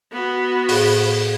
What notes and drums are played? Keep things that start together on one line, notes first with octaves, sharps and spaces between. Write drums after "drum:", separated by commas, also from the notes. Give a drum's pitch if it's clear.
B3 F#4
A2 G#4 F#6, drum: open hi-hat